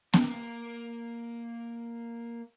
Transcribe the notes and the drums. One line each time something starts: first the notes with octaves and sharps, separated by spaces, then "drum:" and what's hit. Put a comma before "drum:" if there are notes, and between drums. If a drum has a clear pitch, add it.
A#3 A#4, drum: snare B3